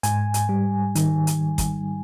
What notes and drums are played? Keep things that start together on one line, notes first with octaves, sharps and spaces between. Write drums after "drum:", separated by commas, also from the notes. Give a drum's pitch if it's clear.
G#2 G#5, drum: hi-hat
drum: hi-hat
G3
D#3, drum: hi-hat
drum: hi-hat
drum: kick, hi-hat